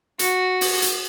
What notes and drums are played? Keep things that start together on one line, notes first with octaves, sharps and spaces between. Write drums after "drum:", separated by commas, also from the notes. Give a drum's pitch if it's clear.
F#4, drum: hi-hat
drum: open hi-hat
drum: hi-hat